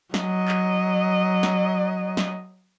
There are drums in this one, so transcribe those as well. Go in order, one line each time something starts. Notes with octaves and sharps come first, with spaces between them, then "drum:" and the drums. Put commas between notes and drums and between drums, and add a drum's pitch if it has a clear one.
F#3 D#5, drum: snare
drum: clap
drum: snare
drum: snare